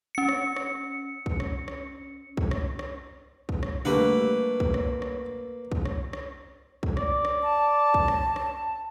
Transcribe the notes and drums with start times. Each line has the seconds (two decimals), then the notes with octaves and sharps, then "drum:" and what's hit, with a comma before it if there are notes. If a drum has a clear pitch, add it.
0.15 C#4 C#7
0.29 drum: rim click
0.56 drum: rim click
1.26 drum: kick
1.40 drum: rim click
1.68 drum: rim click
2.37 drum: kick
2.51 drum: rim click
2.79 drum: rim click
3.49 drum: kick
3.63 drum: rim click
3.85 D3 G3 A3 A#3 B4
4.60 drum: kick
4.74 drum: rim click
5.02 drum: rim click
5.72 drum: kick
5.85 drum: rim click
6.13 drum: rim click
6.83 drum: kick
6.97 D5, drum: rim click
7.25 drum: rim click
7.43 A5
7.94 drum: kick
8.08 drum: rim click
8.36 drum: rim click